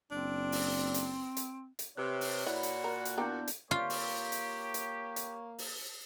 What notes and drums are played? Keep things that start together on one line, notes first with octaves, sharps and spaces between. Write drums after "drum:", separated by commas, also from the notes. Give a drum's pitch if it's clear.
F#1 C4 D4
drum: open hi-hat
drum: hi-hat
drum: hi-hat
drum: hi-hat
C3 G4 B4 C#5 F#6
drum: open hi-hat
A#2 E4 F#4 B4 D5 B5
drum: hi-hat
A#4
drum: hi-hat
A#3 B3 D4 E4 A#4 G5 G6
drum: hi-hat
A#3 F4 G4 C#5
drum: open hi-hat
drum: hi-hat
drum: hi-hat
drum: hi-hat
drum: open hi-hat